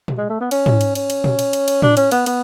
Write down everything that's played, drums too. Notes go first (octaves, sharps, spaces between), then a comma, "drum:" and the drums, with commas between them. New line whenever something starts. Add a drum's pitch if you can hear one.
drum: tom A#2
G#3
A3
B3
C#4, drum: cymbal
drum: tom G#2
drum: cymbal
C#4, drum: cymbal
drum: cymbal
drum: tom A#2
drum: cymbal
drum: cymbal
drum: cymbal
D4, drum: tom A2
C#4, drum: cymbal
B3, drum: cymbal
B3, drum: cymbal